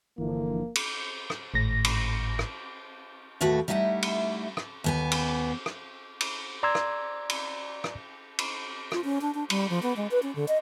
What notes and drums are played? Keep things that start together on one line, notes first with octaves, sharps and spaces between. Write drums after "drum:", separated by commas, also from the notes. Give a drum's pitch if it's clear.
G1 D3 E3 F3 A#3
drum: cymbal
drum: rim click
G#1 A2 A#6
drum: cymbal
drum: rim click
D#2 A2 A3 F#4 B4
G3 A3 D#4 E4 F#5
drum: cymbal
drum: rim click
D#2 B3 G#5
drum: cymbal
drum: rim click
drum: cymbal
D5 A#5 C6 E6 G#6
drum: rim click
drum: cymbal
drum: rim click
drum: cymbal
F4, drum: rim click
C#4
D4
D4
G3, drum: cymbal
F3
B3
G#3
B4
C#4
D3
D#5